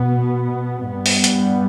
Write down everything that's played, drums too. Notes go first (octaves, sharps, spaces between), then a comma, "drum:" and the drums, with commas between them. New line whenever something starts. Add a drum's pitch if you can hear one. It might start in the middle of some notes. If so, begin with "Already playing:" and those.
Already playing: B2 B3
G2 G3 B3
drum: open hi-hat
drum: hi-hat